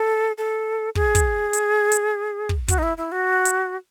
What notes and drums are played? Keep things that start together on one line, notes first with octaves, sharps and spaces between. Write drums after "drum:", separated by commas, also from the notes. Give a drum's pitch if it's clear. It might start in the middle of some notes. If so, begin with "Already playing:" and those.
Already playing: A4
A4
G#4, drum: kick
drum: kick, hi-hat
drum: hi-hat
drum: hi-hat
drum: kick
F#4, drum: kick, hi-hat
D#4
E4
E4
F#4
drum: hi-hat